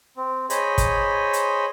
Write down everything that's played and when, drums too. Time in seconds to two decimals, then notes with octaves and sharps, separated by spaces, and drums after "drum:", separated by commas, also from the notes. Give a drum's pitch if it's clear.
0.17 C4
0.50 G#4 C5 C#5 D#5 B5, drum: hi-hat
0.78 drum: kick, hi-hat
1.33 drum: hi-hat